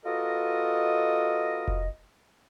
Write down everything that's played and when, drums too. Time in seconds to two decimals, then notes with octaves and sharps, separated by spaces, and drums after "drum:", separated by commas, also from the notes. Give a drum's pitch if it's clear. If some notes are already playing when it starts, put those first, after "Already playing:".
0.05 B3 F4 F#4 A4 A#4 D#5
1.68 drum: kick F1